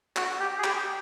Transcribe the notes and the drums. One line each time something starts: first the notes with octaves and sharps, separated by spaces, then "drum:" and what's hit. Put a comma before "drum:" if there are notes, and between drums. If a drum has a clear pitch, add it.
F#4, drum: clap
G4
G#4
G4, drum: clap